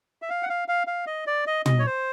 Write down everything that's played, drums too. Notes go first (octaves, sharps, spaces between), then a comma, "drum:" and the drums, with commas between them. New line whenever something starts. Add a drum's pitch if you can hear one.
E5
F5
F#5
F5
F5
F5
D#5
D5
D#5
D#5, drum: tom
C#5
C5